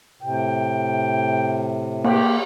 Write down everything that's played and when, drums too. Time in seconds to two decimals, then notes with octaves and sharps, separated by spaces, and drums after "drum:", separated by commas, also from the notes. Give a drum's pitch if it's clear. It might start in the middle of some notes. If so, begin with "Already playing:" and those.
0.22 A2 C3 G5
2.04 A#3 G4, drum: cymbal